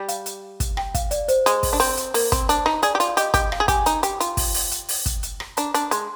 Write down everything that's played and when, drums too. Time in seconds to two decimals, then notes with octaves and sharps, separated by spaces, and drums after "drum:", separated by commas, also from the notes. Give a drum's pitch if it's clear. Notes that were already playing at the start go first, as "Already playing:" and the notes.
Already playing: G3
0.08 F5, drum: hi-hat
0.26 drum: hi-hat
0.60 drum: kick, hi-hat
0.77 G5, drum: rim click
0.94 F5, drum: kick, hi-hat
1.11 D5, drum: hi-hat
1.28 C5, drum: hi-hat
1.46 G#3, drum: hi-hat
1.63 drum: kick, open hi-hat
1.73 D4
1.80 C4, drum: open hi-hat
1.97 drum: hi-hat
2.14 A#3, drum: open hi-hat
2.32 C4, drum: kick, hi-hat
2.49 D4, drum: hi-hat
2.66 D#4, drum: rim click
2.82 G#4 D5, drum: hi-hat
2.95 G4
3.00 F4, drum: hi-hat
3.08 F5
3.17 G4 D#5, drum: hi-hat
3.34 G4, drum: kick, hi-hat
3.52 F5, drum: rim click
3.60 G#4
3.68 G4 G#5, drum: kick, hi-hat
3.86 D#4 A#5, drum: hi-hat
4.03 G4 G5, drum: hi-hat
4.20 F4, drum: hi-hat
4.37 drum: kick, open hi-hat
4.54 drum: open hi-hat
4.71 drum: hi-hat
4.89 drum: open hi-hat
5.06 drum: kick, hi-hat
5.23 drum: hi-hat
5.40 drum: rim click
5.57 D4 A#5, drum: hi-hat
5.74 D4, drum: hi-hat
5.91 G#3 C6, drum: hi-hat